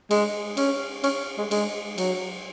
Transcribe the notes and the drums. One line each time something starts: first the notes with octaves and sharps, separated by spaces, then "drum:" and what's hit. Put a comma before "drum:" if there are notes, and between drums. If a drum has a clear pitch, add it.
G#3, drum: cymbal
C#4, drum: cymbal
C#4, drum: cymbal
G#3
G#3, drum: cymbal
F#3, drum: cymbal